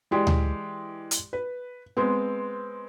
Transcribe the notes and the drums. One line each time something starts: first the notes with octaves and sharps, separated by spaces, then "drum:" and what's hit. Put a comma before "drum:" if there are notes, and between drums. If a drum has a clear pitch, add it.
E3 G#3 G4 D5
drum: tom D2
drum: hi-hat
B4
G#3 B3 C4